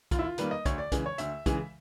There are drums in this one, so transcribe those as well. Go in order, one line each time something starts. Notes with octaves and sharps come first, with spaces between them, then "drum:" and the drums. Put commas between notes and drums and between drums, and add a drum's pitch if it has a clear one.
D#2 F4, drum: kick, hi-hat
E4
F4
D#3 G3 A#3 B4, drum: hi-hat
D#5
D2 C#5, drum: kick, hi-hat
D5
C#3 E3 G#3, drum: kick, hi-hat
C#5
D2 E5, drum: hi-hat
C#3 E3 G#3, drum: kick, hi-hat